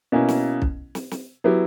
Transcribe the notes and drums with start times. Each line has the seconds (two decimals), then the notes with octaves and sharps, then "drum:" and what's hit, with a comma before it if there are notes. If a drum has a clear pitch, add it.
0.12 B2 A#3 C#4 E4
0.28 drum: snare
0.62 drum: kick B1
0.95 drum: snare
1.11 drum: snare
1.44 F#3 B3 E4 G4